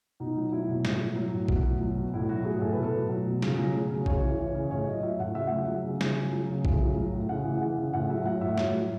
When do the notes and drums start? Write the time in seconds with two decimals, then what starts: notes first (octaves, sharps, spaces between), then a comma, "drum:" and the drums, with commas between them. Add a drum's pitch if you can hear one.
0.20 B2 D#4
0.37 F#3
0.52 F#3 E4
0.69 B2
0.85 A2, drum: snare
1.00 F#3
1.16 F#3
1.33 A2
1.48 B2, drum: kick A#1
1.64 F#3
1.81 F#3
1.98 B2
2.14 A2 E4
2.29 F#3 F#4
2.45 F#3 G#4
2.61 A2 A4
2.73 B2 B4
2.83 A4
2.94 F#3
3.10 F#3
3.26 B2
3.42 C#3, drum: snare
3.58 F#3
3.75 F#3
3.91 C#3
4.06 C#3 C#5, drum: kick A#1
4.23 E3
4.39 E3 C#5
4.54 C#3
4.71 A2 C#5
4.87 F#3 D#5
5.03 F#3 E5
5.20 A2 F#5
5.35 C#3 E5
5.47 F#3 F#5
5.59 E5
5.68 F#3
5.84 C#3
6.01 C#3, drum: snare
6.17 F#3
6.32 F#3
6.49 C#3
6.65 A2, drum: kick A#1
6.80 F#3
6.96 F#3
7.13 A2
7.29 C#3 F#5
7.45 E3
7.61 E3 F#5
7.78 C#3
7.94 A2 F#5
8.10 F#3 E5
8.26 F#3 F#5
8.41 A2 E5
8.58 A2 C#5, drum: snare
8.74 F#3